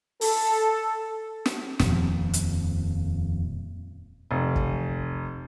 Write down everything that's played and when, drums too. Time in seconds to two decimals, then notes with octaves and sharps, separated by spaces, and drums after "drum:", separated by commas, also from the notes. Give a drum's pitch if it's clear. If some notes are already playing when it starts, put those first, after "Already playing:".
0.21 A4, drum: open hi-hat
1.46 drum: snare
1.79 D#1 F2 F3, drum: snare
2.33 drum: hi-hat
4.31 F1
4.55 drum: kick